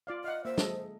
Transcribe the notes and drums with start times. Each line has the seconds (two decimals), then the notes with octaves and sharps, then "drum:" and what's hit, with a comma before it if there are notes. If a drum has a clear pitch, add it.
0.07 F4 D5 F5
0.24 D#5 F5 F#5
0.45 A#3 C5 E5
0.58 G#3 A4 D#5, drum: snare